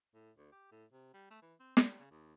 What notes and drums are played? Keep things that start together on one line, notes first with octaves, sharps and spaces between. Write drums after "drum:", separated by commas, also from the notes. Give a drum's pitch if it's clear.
A2
D2
G4
A2
C3
G3
A3
E3
C4
G3, drum: snare
C#3
D#2